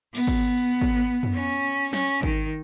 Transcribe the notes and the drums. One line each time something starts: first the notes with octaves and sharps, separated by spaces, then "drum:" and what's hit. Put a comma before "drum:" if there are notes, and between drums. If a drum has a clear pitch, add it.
B3, drum: cymbal
drum: kick G#1
drum: kick G#1
drum: tom
C#4
C#4, drum: snare
D#3, drum: kick G#1